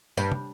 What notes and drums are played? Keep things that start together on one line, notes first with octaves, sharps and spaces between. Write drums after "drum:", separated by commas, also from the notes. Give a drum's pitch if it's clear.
G2, drum: tambourine
drum: tom